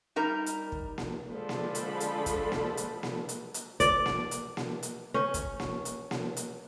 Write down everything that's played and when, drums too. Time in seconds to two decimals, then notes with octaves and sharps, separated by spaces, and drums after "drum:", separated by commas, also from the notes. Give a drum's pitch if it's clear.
0.16 G3 D#4 A#4
0.46 drum: hi-hat
0.72 drum: kick
0.98 drum: snare A#3
1.29 D3 F3 G#3 D4 A4 B5
1.49 drum: snare A#3
1.75 drum: hi-hat
2.00 drum: hi-hat
2.26 drum: kick, hi-hat
2.52 drum: snare A#3
2.77 drum: hi-hat
3.03 drum: snare A#3
3.29 drum: hi-hat
3.54 drum: hi-hat
3.80 D5, drum: kick, hi-hat
4.06 drum: snare A#3
4.31 drum: hi-hat
4.57 drum: snare A#3
4.83 drum: hi-hat
5.14 C#4
5.34 drum: kick, hi-hat
5.60 drum: snare A#3
5.85 drum: hi-hat
6.11 drum: snare A#3
6.37 drum: hi-hat